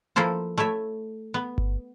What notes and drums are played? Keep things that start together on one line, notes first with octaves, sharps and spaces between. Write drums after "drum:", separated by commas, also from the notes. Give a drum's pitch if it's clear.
F3 A#3 E4 A4 C5
A3 E4 C#5 E5
B3
drum: kick G1